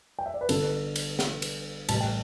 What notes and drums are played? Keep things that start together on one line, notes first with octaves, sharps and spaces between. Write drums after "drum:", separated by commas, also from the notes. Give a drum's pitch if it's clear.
G5
E5
D5
B4
G1 G2 D3 A4, drum: cymbal
drum: cymbal
drum: snare
drum: cymbal
A1 A2 G3 A5, drum: cymbal
G5